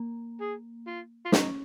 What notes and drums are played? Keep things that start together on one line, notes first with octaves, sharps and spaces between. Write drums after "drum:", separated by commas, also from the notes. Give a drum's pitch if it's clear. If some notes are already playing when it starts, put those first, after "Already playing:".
Already playing: A#3
G#4
F4
F4
C#4 D#4, drum: snare